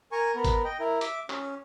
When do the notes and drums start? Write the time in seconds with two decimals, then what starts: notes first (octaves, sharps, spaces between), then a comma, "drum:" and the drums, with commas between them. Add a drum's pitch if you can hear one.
0.12 A#4 G#5 C#6
0.35 B3 A#4
0.44 drum: kick G1, hi-hat
0.65 D#5 G5
0.80 E4 A#4
1.01 E5 D6, drum: hi-hat
1.30 C#4, drum: clap